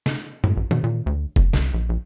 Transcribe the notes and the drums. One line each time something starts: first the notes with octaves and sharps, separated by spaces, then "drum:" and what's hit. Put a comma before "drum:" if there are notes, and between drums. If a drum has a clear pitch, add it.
drum: snare
A2, drum: tom F#2
A1
B2, drum: tom D#3
A#2
D2
F#1, drum: kick F1
C2, drum: snare
A#1
A#1